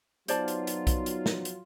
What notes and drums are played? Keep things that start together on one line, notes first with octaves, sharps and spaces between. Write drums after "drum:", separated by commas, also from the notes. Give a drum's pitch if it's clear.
F#3 B3 D#4 F4 C5 D5 A5, drum: hi-hat
drum: hi-hat
drum: hi-hat
drum: kick B1, hi-hat
drum: hi-hat
drum: snare
drum: hi-hat